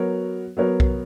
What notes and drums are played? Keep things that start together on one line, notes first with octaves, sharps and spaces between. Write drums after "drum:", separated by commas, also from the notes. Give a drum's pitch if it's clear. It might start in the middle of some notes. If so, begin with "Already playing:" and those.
Already playing: F#3 B3 F#4 A#4 C#5
F#3 B3 F#4 A#4 C#5
drum: kick B1